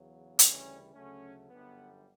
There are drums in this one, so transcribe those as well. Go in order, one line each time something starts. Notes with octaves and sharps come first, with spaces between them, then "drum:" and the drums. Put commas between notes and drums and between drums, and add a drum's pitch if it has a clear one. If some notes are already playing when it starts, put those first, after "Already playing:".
Already playing: E2 C#3 F#3
D2 C#3 E3 G3 C#4, drum: hi-hat
D2 C#3 F#3 A3 C#4
G1 F#2 D3 G3 B3